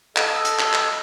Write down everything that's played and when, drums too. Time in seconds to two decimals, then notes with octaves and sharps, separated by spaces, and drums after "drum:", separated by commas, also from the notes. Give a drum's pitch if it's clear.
0.17 A4 D#5, drum: clap
0.45 drum: hi-hat
0.59 drum: clap
0.73 drum: clap